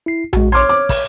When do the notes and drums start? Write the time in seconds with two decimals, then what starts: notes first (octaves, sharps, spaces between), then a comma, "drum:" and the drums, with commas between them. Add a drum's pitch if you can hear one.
0.06 E4 C7
0.33 G#3 F#4, drum: tom A#1
0.52 C#5 C6 D6 F6 G#6
0.69 D6
0.89 drum: kick, open hi-hat